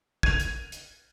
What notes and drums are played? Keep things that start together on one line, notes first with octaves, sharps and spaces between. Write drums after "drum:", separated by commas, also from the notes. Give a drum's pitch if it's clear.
G#6 D#7 F7, drum: kick
drum: hi-hat
drum: hi-hat